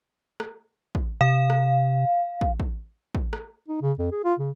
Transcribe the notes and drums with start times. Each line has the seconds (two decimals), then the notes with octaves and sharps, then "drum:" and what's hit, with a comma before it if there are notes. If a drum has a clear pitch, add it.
0.40 drum: rim click
0.95 drum: kick
1.21 C3 F5
1.50 drum: rim click
2.41 drum: kick
2.60 drum: kick
3.15 drum: kick
3.33 drum: rim click
3.68 D#4
3.82 C#3
3.99 F2
4.12 G#4
4.24 F4
4.39 C#3